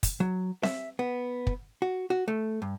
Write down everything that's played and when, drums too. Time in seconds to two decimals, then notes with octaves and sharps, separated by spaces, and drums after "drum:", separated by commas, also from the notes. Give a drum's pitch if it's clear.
0.03 drum: kick, hi-hat
0.20 F#3
0.63 E5, drum: snare C4
0.99 B3
1.47 drum: kick
1.82 F#4
2.10 F#4
2.28 A3
2.62 G2